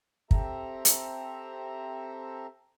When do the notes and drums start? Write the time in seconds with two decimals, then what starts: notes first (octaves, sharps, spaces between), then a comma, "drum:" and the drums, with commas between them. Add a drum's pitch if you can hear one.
0.31 C4 G4 A4 E5 A#5, drum: kick
0.85 drum: hi-hat